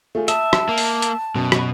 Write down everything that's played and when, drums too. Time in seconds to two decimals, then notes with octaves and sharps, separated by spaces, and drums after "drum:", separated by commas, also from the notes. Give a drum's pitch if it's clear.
0.15 A3 F4 G#4
0.28 E5 A5 D#6, drum: hi-hat
0.53 drum: rim click
0.69 A#3
0.78 drum: open hi-hat
1.02 drum: hi-hat
1.35 F#2 B2
1.52 drum: rim click